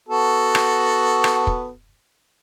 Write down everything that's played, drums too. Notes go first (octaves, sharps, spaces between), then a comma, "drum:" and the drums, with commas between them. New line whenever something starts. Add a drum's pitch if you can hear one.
B3 F#4 A4
drum: rim click
drum: rim click
drum: kick